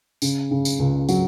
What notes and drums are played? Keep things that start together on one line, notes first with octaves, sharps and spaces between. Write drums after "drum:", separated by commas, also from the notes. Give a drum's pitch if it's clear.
C#3, drum: tambourine
C#3
drum: tambourine
C#2
F#3, drum: tambourine